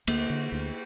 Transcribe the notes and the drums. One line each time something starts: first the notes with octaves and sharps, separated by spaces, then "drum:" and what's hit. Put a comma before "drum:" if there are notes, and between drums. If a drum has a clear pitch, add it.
D2 A#3, drum: cymbal
D3
D2